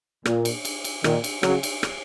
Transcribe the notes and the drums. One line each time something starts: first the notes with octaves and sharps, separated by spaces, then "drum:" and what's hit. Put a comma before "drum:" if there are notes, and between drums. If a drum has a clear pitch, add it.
A#2, drum: rim click
drum: cymbal
drum: cymbal
drum: cymbal
A#2 D#3, drum: rim click
drum: cymbal
C#3 F#3, drum: rim click
drum: cymbal
drum: rim click